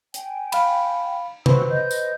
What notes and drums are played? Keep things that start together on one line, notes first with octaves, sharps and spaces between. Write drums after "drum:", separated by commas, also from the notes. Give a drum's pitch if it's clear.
G5 G#5, drum: hi-hat
F5 B5, drum: cymbal
F#4 B4 C5 E6, drum: tom C3
D#5 G6
drum: tambourine